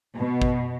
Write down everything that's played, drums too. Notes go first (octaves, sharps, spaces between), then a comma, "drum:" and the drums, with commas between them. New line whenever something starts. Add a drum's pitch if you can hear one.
B2
drum: kick